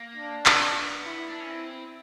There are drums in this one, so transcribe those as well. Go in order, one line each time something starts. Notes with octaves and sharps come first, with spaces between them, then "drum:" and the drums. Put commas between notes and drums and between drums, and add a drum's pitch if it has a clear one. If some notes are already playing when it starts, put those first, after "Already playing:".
Already playing: A#3
D4
drum: clap
B3
E4
D4
C#4
C4